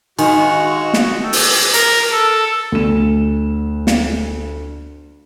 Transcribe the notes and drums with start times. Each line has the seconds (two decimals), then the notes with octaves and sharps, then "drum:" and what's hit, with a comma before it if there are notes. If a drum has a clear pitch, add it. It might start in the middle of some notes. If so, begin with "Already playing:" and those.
0.19 D#3 G#3 F#4 G#5 C#6, drum: cymbal
0.94 D#5, drum: snare
1.23 A4 G5 A5
1.33 drum: open hi-hat
1.73 A#4, drum: hi-hat
2.12 A4
2.72 D2 E7
3.87 drum: snare